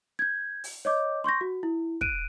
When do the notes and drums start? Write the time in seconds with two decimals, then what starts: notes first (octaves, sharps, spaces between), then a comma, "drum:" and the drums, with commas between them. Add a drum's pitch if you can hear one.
0.19 G6 G#6
0.64 drum: open hi-hat
0.85 C#5 D#5 D6 G6
1.24 C6 C#6 G6 A#6
1.41 F#4
1.63 E4
2.01 F#6 D7 D#7, drum: kick